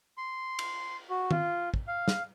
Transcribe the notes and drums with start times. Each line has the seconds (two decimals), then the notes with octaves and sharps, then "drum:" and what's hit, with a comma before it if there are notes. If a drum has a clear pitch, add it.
0.18 C6
0.59 drum: cymbal
1.10 F#4
1.31 F4, drum: tom D#3
1.74 drum: kick
1.88 F5
2.08 drum: snare